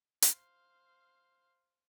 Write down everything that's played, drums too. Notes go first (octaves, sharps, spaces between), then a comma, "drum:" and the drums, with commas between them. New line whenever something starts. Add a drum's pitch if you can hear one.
C5 F5, drum: hi-hat